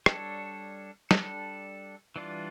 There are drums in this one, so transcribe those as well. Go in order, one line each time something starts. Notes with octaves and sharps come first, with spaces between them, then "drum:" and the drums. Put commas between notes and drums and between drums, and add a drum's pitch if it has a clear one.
G3 D4 A4 C#5, drum: rim click
G3 D4 A4, drum: snare
E3 G3 D4 F4